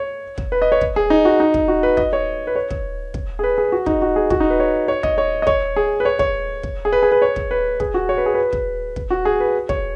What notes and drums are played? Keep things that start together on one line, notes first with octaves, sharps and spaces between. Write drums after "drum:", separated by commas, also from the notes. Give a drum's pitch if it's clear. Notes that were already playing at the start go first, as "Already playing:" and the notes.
Already playing: C#5
drum: kick
B4
D#5
C#5
drum: kick
G#4
D#4
F#4
D#4
drum: kick
F#4
B4
D#5, drum: kick
C#5
B4
C#5
drum: kick
drum: kick
G#4
B4
G#4
F#4
D#4, drum: kick
F#4
G#4
F#4, drum: kick
D#4
B4
C#5
C#5
D#5, drum: kick
C#5
D#5
C#5, drum: kick
G#4
B4
C#5
C#5, drum: kick
drum: kick
G#4
B4
G#4
B4
C#5
drum: kick
B4
G#4, drum: kick
F#4
C#5
B4
G#4
B4
drum: kick
drum: kick
F#4
G#4
B4
C#5, drum: kick